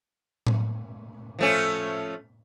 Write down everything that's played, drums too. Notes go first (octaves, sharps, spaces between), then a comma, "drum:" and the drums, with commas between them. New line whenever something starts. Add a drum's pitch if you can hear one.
drum: tom A2
F3 A3 C#4